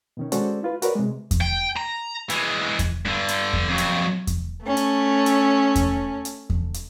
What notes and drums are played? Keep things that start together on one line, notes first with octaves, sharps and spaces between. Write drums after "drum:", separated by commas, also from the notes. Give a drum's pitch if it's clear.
B2 D#3 C#4
G#3 C#4 F#4 A4 C5 D5, drum: hi-hat
E4 F4 B4
F#4 A#4 B4 C#5 D5, drum: hi-hat
C3 G#3
drum: kick E2, hi-hat
G5
A#5
E3 G#3, drum: hi-hat
drum: kick E2, hi-hat
G2 D3
drum: hi-hat
drum: kick E2
F2 F#3
drum: hi-hat
drum: kick E2, hi-hat
A3 C#4
drum: hi-hat
drum: hi-hat
drum: kick E2, hi-hat
drum: hi-hat
drum: kick E2
drum: hi-hat